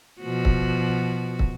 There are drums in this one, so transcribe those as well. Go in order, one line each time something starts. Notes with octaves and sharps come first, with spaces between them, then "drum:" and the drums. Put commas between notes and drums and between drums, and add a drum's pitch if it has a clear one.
B2 F3 F#4
drum: kick
drum: kick